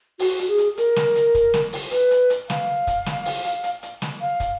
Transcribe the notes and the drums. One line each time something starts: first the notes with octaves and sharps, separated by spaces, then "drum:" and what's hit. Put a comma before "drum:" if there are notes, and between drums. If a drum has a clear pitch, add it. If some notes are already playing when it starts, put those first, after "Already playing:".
F#4, drum: open hi-hat
drum: hi-hat
G#4
drum: hi-hat
A#4, drum: hi-hat
drum: snare
drum: hi-hat
drum: kick, hi-hat
drum: snare
drum: open hi-hat
B4, drum: hi-hat
drum: hi-hat
drum: hi-hat
F5, drum: snare
drum: kick, hi-hat
drum: snare
drum: open hi-hat
drum: hi-hat
drum: hi-hat
drum: hi-hat
drum: snare
F5
drum: kick, hi-hat